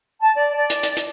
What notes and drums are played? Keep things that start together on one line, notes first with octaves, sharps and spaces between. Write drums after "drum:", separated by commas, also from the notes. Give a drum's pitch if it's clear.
A5
D5
D5
drum: hi-hat
drum: hi-hat
drum: hi-hat